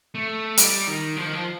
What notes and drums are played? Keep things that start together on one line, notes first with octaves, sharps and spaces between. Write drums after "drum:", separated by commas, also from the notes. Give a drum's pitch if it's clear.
A3
G3, drum: hi-hat
D#3
F3
D#3
F3